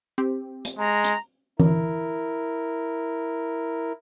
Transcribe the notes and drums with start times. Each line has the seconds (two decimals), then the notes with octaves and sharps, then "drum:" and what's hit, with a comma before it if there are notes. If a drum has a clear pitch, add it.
0.18 C4 G4
0.65 drum: hi-hat
0.78 G#3 A#5
1.04 drum: hi-hat
1.60 E4 A#4, drum: tom E3